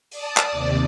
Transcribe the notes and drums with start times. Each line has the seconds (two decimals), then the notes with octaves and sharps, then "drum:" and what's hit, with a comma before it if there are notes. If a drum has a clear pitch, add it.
0.11 D5 A5 D#6, drum: open hi-hat
0.37 drum: clap
0.52 D#2 C3 D5